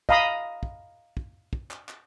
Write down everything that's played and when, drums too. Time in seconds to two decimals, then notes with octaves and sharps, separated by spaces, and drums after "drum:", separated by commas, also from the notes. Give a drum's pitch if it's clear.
0.09 D#5 F5 A#5 B5 D#6, drum: kick
0.63 drum: kick
1.17 drum: kick
1.53 drum: kick
1.71 drum: clap
1.89 drum: clap